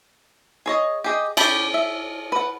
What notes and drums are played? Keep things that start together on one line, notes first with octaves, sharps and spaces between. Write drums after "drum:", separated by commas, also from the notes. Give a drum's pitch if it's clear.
G#4 C#5 D#5
G4 G#4 D#5
C#4 G4 G#4 A5 B5, drum: cymbal
E5
B4 F#5